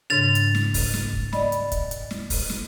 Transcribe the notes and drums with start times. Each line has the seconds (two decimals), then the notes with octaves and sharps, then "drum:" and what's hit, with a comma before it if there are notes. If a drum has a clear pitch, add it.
0.10 G#2 C#3 D4 A6 F7
0.35 drum: hi-hat
0.55 drum: snare
0.74 drum: kick, open hi-hat
0.94 drum: snare
1.13 drum: kick
1.33 D5 D#5 B5, drum: snare
1.52 drum: hi-hat
1.72 drum: kick, hi-hat
1.91 drum: hi-hat
2.11 drum: snare
2.30 drum: kick, open hi-hat
2.50 drum: snare